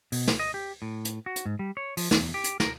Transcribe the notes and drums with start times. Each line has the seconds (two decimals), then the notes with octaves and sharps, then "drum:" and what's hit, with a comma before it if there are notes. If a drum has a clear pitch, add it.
0.12 B2, drum: open hi-hat
0.28 drum: snare
0.39 D#5
0.54 G4
0.82 A2
1.05 drum: hi-hat
1.26 F#4
1.36 drum: hi-hat
1.46 G#2
1.59 G3
1.77 C#5
1.97 F3, drum: open hi-hat
2.11 E2, drum: snare
2.34 G4
2.44 drum: hi-hat
2.60 A#4, drum: snare